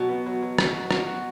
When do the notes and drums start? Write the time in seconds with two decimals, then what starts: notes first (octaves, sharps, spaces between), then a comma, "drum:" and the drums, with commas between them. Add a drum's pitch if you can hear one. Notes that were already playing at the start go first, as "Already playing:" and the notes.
Already playing: B2 F#3
0.09 B3
0.26 F#3
0.42 F#3
0.58 F#3, drum: rim click
0.75 F#4
0.91 F#3, drum: rim click
1.07 F#4